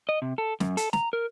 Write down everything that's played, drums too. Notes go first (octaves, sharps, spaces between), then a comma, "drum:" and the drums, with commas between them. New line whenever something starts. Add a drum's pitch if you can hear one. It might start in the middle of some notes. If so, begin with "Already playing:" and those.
D#5
C3
A4
F#2, drum: snare
A4, drum: hi-hat
A#5, drum: snare
A#4